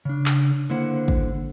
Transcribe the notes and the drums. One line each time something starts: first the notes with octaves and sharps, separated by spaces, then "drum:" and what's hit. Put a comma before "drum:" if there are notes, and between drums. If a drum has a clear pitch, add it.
C#3 D4
drum: clap
D3 A#3 E4 C5 F#5
drum: kick